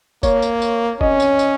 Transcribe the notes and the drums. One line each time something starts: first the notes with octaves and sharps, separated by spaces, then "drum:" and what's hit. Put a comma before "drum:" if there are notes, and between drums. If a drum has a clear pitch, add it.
A#3 C#5, drum: kick F#1, tambourine
drum: tambourine
drum: tambourine
C#4 D#5, drum: kick F#1
drum: tambourine
drum: tambourine